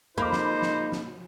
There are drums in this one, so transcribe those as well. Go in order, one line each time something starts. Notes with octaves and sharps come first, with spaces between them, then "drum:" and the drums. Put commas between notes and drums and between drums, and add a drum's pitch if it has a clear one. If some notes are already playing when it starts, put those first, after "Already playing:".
F3 G#3 A#3 D#4 C5 B5 D6
drum: snare
drum: snare
drum: snare